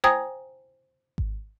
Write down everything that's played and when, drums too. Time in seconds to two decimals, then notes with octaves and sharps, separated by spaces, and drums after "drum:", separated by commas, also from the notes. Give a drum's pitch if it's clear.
0.04 C5 G5 G#5 A#5 D#6 G#6, drum: tom E4
1.18 drum: kick G#1